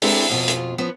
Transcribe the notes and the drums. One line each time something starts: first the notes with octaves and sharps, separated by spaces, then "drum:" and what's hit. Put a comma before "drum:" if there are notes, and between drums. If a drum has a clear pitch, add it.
G#3 C4 D4 E4 G4 A4, drum: open hi-hat
F2 B2 F4
drum: hi-hat
F3 B3 C#4